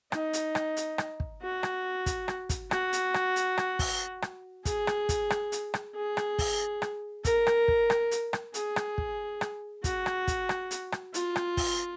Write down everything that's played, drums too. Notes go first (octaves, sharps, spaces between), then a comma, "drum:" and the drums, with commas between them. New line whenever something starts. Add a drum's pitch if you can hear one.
D#4, drum: rim click
drum: hi-hat
drum: rim click
drum: hi-hat
drum: rim click
drum: kick
F#4
drum: rim click
drum: kick, hi-hat
drum: rim click
drum: kick, hi-hat
F#4, drum: rim click
drum: hi-hat
drum: rim click
drum: hi-hat
drum: rim click
drum: kick, open hi-hat
drum: rim click
G#4, drum: kick, hi-hat
drum: rim click
drum: kick, hi-hat
drum: rim click
drum: hi-hat
drum: rim click
G#4
drum: rim click
drum: kick, open hi-hat
drum: rim click
A#4, drum: kick, hi-hat
drum: rim click
drum: kick
drum: rim click
drum: hi-hat
drum: rim click
G#4, drum: hi-hat
drum: rim click
drum: kick
drum: rim click
F#4, drum: kick, hi-hat
drum: rim click
drum: kick, hi-hat
drum: rim click
drum: hi-hat
drum: rim click
F4, drum: hi-hat
drum: rim click
drum: kick, open hi-hat